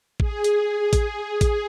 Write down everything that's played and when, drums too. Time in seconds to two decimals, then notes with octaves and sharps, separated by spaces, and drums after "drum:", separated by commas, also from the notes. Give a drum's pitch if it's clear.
0.20 G#4, drum: kick A1
0.44 drum: hi-hat
0.93 drum: kick A1, hi-hat
1.41 drum: kick A1, hi-hat